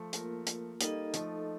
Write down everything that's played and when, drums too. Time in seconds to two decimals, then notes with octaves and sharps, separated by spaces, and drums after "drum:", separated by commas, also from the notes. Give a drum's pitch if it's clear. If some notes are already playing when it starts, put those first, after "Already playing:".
Already playing: F3 A3
0.13 A#3 F4 A#4, drum: hi-hat
0.47 drum: hi-hat
0.81 G3 A#3 D#4 A4 D#5, drum: hi-hat
1.14 F3 A3, drum: hi-hat